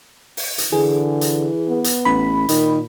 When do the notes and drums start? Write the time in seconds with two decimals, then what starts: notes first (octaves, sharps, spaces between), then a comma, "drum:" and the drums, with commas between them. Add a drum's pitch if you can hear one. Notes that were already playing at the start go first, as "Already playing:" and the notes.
0.37 drum: open hi-hat
0.58 drum: hi-hat
0.72 D3 E3 G#4
1.21 drum: hi-hat
1.68 B3
1.84 drum: hi-hat
2.05 A1 B5
2.49 A#2 D#3, drum: hi-hat